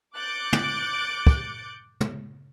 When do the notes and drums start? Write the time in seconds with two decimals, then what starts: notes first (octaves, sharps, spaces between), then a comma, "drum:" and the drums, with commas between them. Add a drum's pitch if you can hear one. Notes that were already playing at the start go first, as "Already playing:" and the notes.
0.16 D6 F#6 G6 A6 C#7 D7
0.53 drum: tom
1.27 drum: kick
2.01 drum: tom